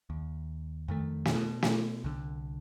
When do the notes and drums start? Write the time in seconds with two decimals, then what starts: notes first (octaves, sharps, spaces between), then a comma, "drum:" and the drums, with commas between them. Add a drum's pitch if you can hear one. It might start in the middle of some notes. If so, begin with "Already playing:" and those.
0.10 D#2
0.88 F2 D#3 A3
1.25 drum: snare
1.35 B2
1.62 drum: snare
2.04 C2 D3